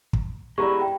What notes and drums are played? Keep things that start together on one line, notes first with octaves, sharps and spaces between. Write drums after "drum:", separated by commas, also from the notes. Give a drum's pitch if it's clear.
drum: kick
G#3 B3 E4 G4 D5 A#5 C#6
G5